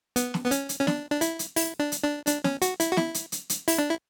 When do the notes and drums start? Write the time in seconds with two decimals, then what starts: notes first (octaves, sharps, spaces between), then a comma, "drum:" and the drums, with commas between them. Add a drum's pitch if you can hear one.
0.16 B3, drum: hi-hat
0.34 drum: snare
0.46 B3
0.51 C#4, drum: hi-hat
0.69 drum: hi-hat
0.81 C#4
0.87 D4, drum: snare
1.11 D4
1.21 E4, drum: hi-hat
1.39 drum: hi-hat
1.56 E4, drum: open hi-hat
1.79 D4
1.92 drum: hi-hat
2.04 D4
2.27 D4, drum: hi-hat
2.44 C#4, drum: snare
2.62 F#4, drum: hi-hat
2.80 E4, drum: hi-hat
2.92 F#4
2.97 E4, drum: snare
3.14 drum: hi-hat
3.32 drum: hi-hat
3.50 drum: hi-hat
3.68 E4, drum: open hi-hat
3.79 D4
3.90 E4